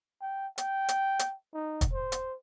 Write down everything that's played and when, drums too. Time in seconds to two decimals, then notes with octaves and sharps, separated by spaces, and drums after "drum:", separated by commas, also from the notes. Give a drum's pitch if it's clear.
0.21 G5
0.58 G5, drum: hi-hat
0.88 drum: hi-hat
1.19 drum: hi-hat
1.54 D#4
1.81 drum: kick, hi-hat
1.93 C5
2.12 drum: hi-hat